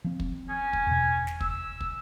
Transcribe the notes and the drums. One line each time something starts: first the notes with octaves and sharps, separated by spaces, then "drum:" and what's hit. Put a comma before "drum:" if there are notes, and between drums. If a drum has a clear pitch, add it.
F3 C4
drum: kick
C#4 G#5
drum: kick
E2 B2
drum: snare
E6, drum: kick
drum: kick